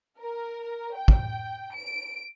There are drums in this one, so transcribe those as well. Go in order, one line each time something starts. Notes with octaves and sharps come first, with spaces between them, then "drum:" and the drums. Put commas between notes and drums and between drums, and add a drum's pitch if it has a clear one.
A#4
G5
drum: kick
D7